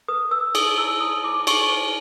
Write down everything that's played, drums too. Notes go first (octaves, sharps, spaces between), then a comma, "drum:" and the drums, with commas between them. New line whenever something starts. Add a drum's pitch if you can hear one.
B4 D#6
B4 E6
G#4 D#6, drum: cymbal
E4 E6
E4 D#6
E4 D6
G4 C#6, drum: cymbal
C5